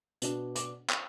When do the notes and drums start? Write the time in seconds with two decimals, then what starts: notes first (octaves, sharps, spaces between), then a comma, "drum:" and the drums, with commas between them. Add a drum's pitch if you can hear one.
0.22 B2 B3 D4, drum: hi-hat
0.55 D6, drum: hi-hat
0.90 drum: clap